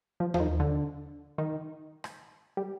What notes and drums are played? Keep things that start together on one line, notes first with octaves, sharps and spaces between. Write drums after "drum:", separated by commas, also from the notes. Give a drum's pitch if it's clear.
F3
F3, drum: tom D#2
D#3
D3
D#3
drum: rim click
G3